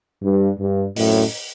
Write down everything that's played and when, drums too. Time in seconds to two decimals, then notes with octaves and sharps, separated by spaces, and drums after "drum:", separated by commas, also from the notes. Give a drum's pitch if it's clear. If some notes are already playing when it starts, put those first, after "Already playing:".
0.23 G2
0.59 G2
0.96 F#2 A2, drum: open hi-hat